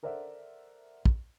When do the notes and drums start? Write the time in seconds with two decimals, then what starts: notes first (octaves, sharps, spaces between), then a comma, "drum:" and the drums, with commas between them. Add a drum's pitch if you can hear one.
0.03 A4 A#4 C5 D5 E5 F#5
1.05 drum: kick